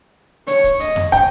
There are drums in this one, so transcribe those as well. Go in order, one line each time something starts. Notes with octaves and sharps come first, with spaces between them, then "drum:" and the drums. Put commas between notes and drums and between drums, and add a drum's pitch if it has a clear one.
C#5, drum: hi-hat
drum: kick, hi-hat
D#5, drum: hi-hat
drum: tom F2
G5, drum: kick, hi-hat